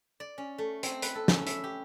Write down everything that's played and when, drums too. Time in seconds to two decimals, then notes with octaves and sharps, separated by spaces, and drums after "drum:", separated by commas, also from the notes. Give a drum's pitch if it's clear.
0.20 D5
0.38 C#4
0.58 A3
0.83 C4, drum: hi-hat
1.02 B4, drum: hi-hat
1.15 A4
1.28 C#4, drum: snare
1.47 E5, drum: hi-hat
1.64 G4